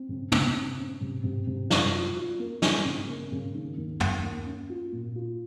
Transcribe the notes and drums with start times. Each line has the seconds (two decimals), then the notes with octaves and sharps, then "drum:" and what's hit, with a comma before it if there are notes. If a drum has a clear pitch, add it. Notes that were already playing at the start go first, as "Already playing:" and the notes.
Already playing: C4
0.09 C#3
0.32 C#3, drum: tom
0.55 C4
0.78 C#4
1.01 C3
1.24 C3
1.47 C3
1.70 F#2, drum: snare
1.93 F4
2.16 F4
2.39 A#3
2.62 C#4, drum: snare
2.85 C#3
3.09 A#3
3.32 C#3
3.54 D#3
3.77 D#2
4.00 D#2, drum: tom
4.24 A#3
4.46 C#4
4.70 F4
4.92 A#2
5.15 F4